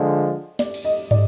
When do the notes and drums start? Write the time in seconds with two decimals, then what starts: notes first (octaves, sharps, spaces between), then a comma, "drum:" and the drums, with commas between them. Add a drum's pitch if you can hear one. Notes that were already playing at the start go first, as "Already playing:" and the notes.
Already playing: D3 F3 G#3
0.59 D5, drum: snare
0.74 drum: cymbal
0.85 D#5
1.11 D5, drum: tom